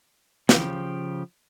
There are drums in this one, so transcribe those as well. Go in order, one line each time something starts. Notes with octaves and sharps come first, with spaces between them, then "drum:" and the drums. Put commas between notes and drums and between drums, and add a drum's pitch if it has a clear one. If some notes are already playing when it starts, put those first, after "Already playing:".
C#3 F3 G4, drum: snare